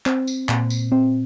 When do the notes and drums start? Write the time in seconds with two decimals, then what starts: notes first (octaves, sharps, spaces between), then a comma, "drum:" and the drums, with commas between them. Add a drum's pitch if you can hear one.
0.06 C4, drum: clap
0.27 drum: tambourine
0.49 A#2, drum: clap
0.70 drum: tambourine
0.92 C4